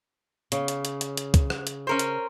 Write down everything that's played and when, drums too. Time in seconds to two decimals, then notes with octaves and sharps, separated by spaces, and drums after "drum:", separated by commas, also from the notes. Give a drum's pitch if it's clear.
0.52 C#3, drum: hi-hat
0.68 drum: hi-hat
0.85 drum: hi-hat
1.01 drum: hi-hat
1.17 drum: hi-hat
1.34 drum: kick, hi-hat
1.50 drum: rim click
1.67 drum: hi-hat
1.87 C#4 A#4 C5
1.99 drum: hi-hat